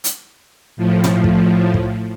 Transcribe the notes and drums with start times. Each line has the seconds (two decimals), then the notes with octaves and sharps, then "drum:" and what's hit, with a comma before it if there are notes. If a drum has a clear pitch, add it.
0.04 drum: hi-hat
0.77 A2 F3
1.04 drum: tom
1.24 drum: kick
1.74 drum: kick